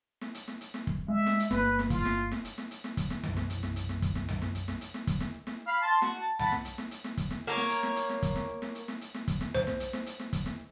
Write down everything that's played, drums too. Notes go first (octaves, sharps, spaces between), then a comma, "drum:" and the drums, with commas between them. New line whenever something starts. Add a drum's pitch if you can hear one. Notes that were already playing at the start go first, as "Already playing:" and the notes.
drum: snare
drum: hi-hat
drum: snare
drum: hi-hat
drum: snare
drum: kick
G#3 E5
drum: snare
drum: hi-hat
G1 A#3 B4, drum: snare
drum: snare
F4, drum: kick, hi-hat
drum: snare
drum: snare
drum: hi-hat
drum: snare
drum: hi-hat
drum: snare
drum: kick, hi-hat
drum: snare
B1 F#2 C3 E3, drum: tom C2
drum: snare
drum: hi-hat
drum: snare
drum: hi-hat
drum: snare
drum: kick, hi-hat
drum: snare
drum: tom C2
drum: snare
drum: hi-hat
drum: snare
drum: hi-hat
drum: snare
drum: kick, hi-hat
drum: snare
drum: snare
F5 B5
A5 C6
F#4, drum: snare
A5
F#5 A5 B5, drum: tom C2
drum: snare
drum: hi-hat
drum: snare
drum: hi-hat
drum: snare
drum: kick, hi-hat
drum: snare
A#3 A#4 C#5
drum: snare
drum: hi-hat
drum: snare
drum: hi-hat
drum: snare
drum: kick, hi-hat
drum: snare
drum: snare
drum: hi-hat
drum: snare
drum: hi-hat
drum: snare
drum: kick, hi-hat
drum: snare
C5, drum: tom C2
drum: snare
drum: hi-hat
drum: snare
drum: hi-hat
drum: snare
drum: kick, hi-hat
drum: snare